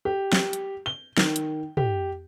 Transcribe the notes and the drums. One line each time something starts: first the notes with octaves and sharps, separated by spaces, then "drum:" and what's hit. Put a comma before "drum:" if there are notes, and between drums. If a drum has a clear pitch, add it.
G4
drum: snare
drum: hi-hat
G7
D#3, drum: snare
drum: hi-hat
G4, drum: tom